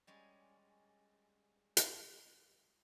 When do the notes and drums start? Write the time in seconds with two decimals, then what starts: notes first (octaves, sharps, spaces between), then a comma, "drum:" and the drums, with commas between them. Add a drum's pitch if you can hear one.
0.07 G3 G#3 C#4
1.77 drum: hi-hat